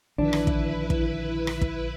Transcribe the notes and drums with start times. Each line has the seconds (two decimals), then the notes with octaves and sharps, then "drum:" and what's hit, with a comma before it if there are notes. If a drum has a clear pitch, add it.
0.18 A#1 D3 D#3 F3 D4 E4 B4
0.33 drum: rim click
0.47 drum: kick
0.90 drum: kick
1.47 drum: rim click
1.61 drum: kick